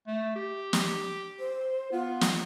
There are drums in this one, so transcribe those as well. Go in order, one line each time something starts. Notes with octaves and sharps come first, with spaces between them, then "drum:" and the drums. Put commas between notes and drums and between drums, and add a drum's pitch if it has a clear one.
A3
G4
drum: snare
C5
B3 F4
drum: snare